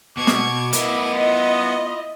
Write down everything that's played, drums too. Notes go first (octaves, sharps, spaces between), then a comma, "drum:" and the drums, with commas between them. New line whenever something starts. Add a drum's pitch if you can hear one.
B2 C#6 D6 G#6
drum: snare
B3 E4 A#4 D#5, drum: hi-hat
E4 F4 D#5